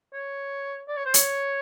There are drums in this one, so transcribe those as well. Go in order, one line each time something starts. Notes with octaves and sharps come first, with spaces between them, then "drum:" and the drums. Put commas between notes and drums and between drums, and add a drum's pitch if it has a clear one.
C#5
D5
C#5
C5
C#5, drum: hi-hat